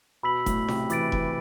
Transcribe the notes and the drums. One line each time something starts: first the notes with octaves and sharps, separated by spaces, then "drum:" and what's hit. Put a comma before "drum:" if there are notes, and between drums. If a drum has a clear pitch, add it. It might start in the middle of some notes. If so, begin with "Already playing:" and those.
B2 B5 E6 B6 F#7
A2, drum: kick E1, hi-hat
C3, drum: snare
E3 D6 A6 D7, drum: hi-hat
E3, drum: kick E1